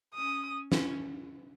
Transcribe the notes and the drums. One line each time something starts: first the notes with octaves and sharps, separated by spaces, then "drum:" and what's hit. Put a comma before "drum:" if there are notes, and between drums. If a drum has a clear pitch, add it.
C#4 D#6
C#4, drum: snare